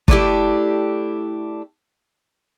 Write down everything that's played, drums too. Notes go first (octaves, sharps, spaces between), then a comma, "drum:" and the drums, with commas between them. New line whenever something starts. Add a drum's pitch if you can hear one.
A3 D4 E4 G4, drum: kick